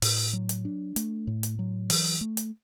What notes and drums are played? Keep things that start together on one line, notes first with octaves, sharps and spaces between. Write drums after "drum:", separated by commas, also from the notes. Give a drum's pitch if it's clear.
A2, drum: open hi-hat
F#3
drum: hi-hat
D4
A3, drum: hi-hat
A2
drum: hi-hat
F#3
E3, drum: open hi-hat
A3
drum: hi-hat